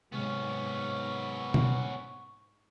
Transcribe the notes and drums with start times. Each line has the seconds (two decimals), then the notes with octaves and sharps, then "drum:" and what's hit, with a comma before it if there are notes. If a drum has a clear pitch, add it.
0.13 G#2 C3 F#3 G#3 B3 C#4 C#6
1.54 drum: tom B2